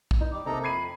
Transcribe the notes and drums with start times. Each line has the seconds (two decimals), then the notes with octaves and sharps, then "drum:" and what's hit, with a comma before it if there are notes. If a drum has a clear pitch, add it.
0.11 drum: kick
0.21 D#4
0.32 G3 D6
0.46 C3 A#3 D#4 A4 A#5
0.64 F2 B5 G#6 C7 D#7